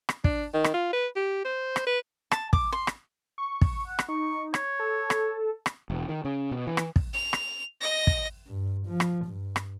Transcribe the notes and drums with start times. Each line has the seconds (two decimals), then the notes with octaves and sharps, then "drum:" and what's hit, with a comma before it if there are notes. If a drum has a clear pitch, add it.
0.09 drum: rim click
0.24 D4, drum: kick
0.54 D#3
0.64 drum: rim click
0.74 F4
0.93 B4
1.16 G4
1.45 C5
1.76 drum: rim click
1.86 B4
2.31 A5, drum: rim click
2.53 D6, drum: kick
2.73 C6
2.87 drum: rim click
3.38 C#6
3.61 drum: kick
3.87 F#5
3.99 drum: rim click
4.08 D#4 C#6
4.54 C#5, drum: rim click
4.79 A4
5.10 drum: rim click
5.66 drum: rim click
5.90 E1
6.09 D#3
6.25 C#3
6.51 B2
6.67 E3
6.77 drum: rim click
6.96 drum: kick
7.13 F7
7.33 drum: rim click
7.81 D#5 A#6
8.07 drum: kick
8.48 G2
8.87 F3
9.00 drum: rim click
9.26 G2
9.56 drum: rim click